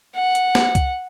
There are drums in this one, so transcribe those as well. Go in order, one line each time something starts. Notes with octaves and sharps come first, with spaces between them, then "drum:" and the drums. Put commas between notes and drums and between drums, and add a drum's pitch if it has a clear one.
F#5
drum: hi-hat
drum: snare
drum: kick C2, hi-hat